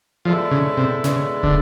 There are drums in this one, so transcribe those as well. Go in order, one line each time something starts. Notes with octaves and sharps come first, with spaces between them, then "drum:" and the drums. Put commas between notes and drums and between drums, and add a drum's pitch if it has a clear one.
F3 G#3 B3 E4 A4 D5
C#3
C3
C#3 G#3 B3 E4 A4 D5, drum: snare
D3, drum: kick